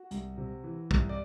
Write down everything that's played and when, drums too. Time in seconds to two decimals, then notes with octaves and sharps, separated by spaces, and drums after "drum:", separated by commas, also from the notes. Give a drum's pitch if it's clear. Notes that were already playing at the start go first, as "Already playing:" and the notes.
Already playing: F#4
0.11 C2, drum: hi-hat
0.37 C3
0.64 E3
0.91 C2, drum: kick
1.09 D5